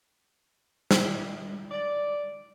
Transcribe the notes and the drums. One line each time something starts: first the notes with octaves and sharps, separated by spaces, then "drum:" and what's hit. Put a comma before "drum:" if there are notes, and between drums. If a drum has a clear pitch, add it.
drum: snare
D5